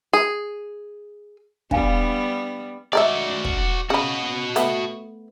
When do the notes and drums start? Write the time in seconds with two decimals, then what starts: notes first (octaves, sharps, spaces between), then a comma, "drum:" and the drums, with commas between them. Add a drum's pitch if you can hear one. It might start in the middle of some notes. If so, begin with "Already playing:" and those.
0.13 G#4
1.71 G3 B3 D4 F5 G#5, drum: kick
2.93 G#3 F#4 A#4 D5 E5
3.45 drum: kick
3.90 C#3 F#4 D#5 B5
4.56 A3 B3, drum: hi-hat